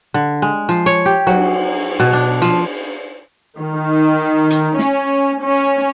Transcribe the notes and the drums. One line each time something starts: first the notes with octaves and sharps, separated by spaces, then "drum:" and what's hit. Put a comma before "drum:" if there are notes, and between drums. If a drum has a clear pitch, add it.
D3
G#3
F3
C#5
G4
F#3, drum: cymbal
B2
D4
F3
D#3
drum: hi-hat
C#4, drum: snare
C#4